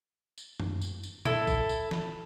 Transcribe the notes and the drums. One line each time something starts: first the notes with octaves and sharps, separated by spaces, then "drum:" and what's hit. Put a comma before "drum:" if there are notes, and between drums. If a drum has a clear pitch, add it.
drum: tambourine
drum: tom F#2
drum: tambourine
drum: tambourine
E4 A4, drum: tom A#2
drum: kick, tambourine
drum: tambourine
drum: snare